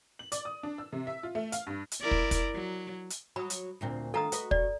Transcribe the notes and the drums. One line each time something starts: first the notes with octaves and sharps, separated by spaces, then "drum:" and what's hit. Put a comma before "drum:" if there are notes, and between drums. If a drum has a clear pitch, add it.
F#7
D5, drum: hi-hat
D#6
D4
E6
C3
E5
F4
A3
F5, drum: hi-hat
G2
drum: hi-hat
E4 A#4 D5
drum: kick
drum: kick, hi-hat
F#3
drum: hi-hat
F#3 B5 D#6
drum: hi-hat
D2 A#2 C4
D#3 F4 A4 A#5 D#6
F#4 B4 D#5, drum: hi-hat
D5, drum: kick